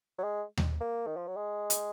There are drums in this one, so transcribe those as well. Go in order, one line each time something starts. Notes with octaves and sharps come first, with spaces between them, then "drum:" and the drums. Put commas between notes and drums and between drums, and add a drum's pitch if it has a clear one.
F#3
G#3
drum: tom D#2
A#3
D#3
F3
F#3
G#3
drum: hi-hat